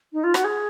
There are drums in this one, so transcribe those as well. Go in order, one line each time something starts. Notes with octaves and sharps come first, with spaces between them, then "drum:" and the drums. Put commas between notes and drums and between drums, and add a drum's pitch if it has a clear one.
D#4
F4
F#4, drum: rim click
G#4